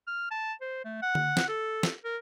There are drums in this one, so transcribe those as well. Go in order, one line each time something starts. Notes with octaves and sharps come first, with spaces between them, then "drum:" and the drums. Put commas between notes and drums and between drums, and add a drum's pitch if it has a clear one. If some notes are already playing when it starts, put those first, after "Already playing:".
F6
A5
C5
A3
F#5
drum: tom D3
drum: snare
A4
drum: snare
A#4